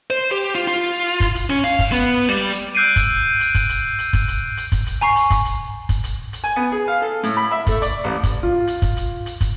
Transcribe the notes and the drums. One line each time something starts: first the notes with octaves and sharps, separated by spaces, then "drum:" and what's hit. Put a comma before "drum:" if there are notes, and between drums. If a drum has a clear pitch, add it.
C5
G4
F4
F4
drum: hi-hat
drum: kick, hi-hat
drum: hi-hat
C#4
F5, drum: hi-hat
drum: kick, hi-hat
B3, drum: hi-hat
G3
drum: hi-hat
E6 F#6 G6 C7 D7 D#7
drum: kick, hi-hat
drum: hi-hat
drum: kick, hi-hat
drum: hi-hat
drum: hi-hat
drum: kick, hi-hat
drum: hi-hat
drum: hi-hat
drum: kick, hi-hat
drum: hi-hat
G#5 A#5 C#6 C7
drum: hi-hat
drum: kick, hi-hat
drum: hi-hat
drum: kick, hi-hat
drum: hi-hat
drum: hi-hat
G#5
B3
G#4
F5
A4
A2, drum: hi-hat
B5
E5
A3, drum: kick, hi-hat
D5, drum: hi-hat
A1
drum: kick, hi-hat
F4
drum: hi-hat
drum: kick, hi-hat
drum: hi-hat
drum: hi-hat
drum: kick, hi-hat